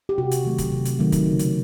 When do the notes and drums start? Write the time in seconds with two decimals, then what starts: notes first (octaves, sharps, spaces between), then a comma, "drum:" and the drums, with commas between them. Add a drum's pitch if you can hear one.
0.09 G4
0.18 C3 F#4
0.31 drum: hi-hat
0.45 D#3 F#3 A3
0.58 drum: kick, hi-hat
0.72 C3
0.85 drum: hi-hat
0.99 D#3 F#3 A3
1.12 drum: kick, hi-hat
1.26 C#3
1.39 drum: hi-hat